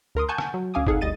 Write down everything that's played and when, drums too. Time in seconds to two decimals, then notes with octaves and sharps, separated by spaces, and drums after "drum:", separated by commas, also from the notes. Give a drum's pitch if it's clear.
0.15 D2 A#4 C6 D#6
0.29 F#5 G#5 A5 C#6 F#6 G6
0.38 drum: rim click
0.54 F#3
0.74 D2 C#4 F5 G#5 D6 D#6
0.87 C4 D#4 G#4 A4 F5 F#5, drum: kick
1.01 G1 D2 G3 D#5 A6 D#7